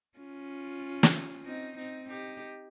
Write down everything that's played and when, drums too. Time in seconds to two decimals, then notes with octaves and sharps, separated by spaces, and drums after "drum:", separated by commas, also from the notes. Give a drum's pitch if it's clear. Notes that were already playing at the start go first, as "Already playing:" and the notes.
0.18 C#4 F4
1.03 drum: snare
1.45 C4 D#4
1.77 C4 D#4
2.08 D#4 G4